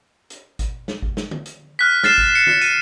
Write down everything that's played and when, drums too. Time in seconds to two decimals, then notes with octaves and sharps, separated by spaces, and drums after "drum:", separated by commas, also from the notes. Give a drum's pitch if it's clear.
0.30 drum: hi-hat
0.59 drum: kick G#1, hi-hat
0.88 drum: snare
1.02 drum: kick G#1
1.17 drum: snare
1.31 drum: tom D3
1.46 drum: hi-hat
1.79 F6 F#6 B6
2.03 F6 A6 C7 E7, drum: snare
2.18 drum: kick G#1
2.35 C#7
2.47 drum: tom D3
2.61 D#7, drum: hi-hat